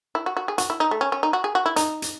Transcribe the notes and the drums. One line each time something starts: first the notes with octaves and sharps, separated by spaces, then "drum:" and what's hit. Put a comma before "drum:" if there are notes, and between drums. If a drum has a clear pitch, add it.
E4
F#4
F#4
G#4
F#4, drum: hi-hat
E4
D#4
A3
C#4
C#4
D#4
F#4
G#4
F#4
E4
D#4, drum: hi-hat
drum: hi-hat